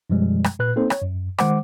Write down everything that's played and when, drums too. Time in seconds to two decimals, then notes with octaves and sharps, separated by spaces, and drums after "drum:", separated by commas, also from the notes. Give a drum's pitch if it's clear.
0.10 F#2 B2 F3 G3 G#3
0.44 drum: rim click
0.59 A#2 B4 F#6
0.76 A#3 C4 D#4 A4 C5
0.90 C#5, drum: rim click
1.02 F#2
1.38 D#3 G#3 C5 F#5 D6, drum: rim click